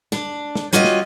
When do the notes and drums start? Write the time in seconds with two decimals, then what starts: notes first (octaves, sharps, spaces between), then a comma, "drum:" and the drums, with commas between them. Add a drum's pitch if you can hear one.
0.12 D4, drum: snare
0.55 drum: snare
0.73 G3 C#4 F4 F#4 D5 D#5
0.84 drum: snare